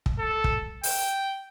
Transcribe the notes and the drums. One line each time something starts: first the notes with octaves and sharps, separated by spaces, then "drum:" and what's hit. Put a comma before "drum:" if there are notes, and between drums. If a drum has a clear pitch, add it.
drum: kick
A4
drum: kick
G5, drum: open hi-hat